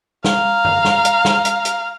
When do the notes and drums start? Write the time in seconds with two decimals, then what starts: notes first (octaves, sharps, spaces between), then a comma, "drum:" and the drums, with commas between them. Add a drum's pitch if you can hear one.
0.24 F5 A#5, drum: snare
0.65 drum: tom
0.85 drum: snare
1.05 drum: hi-hat
1.25 drum: snare
1.45 drum: hi-hat
1.65 drum: hi-hat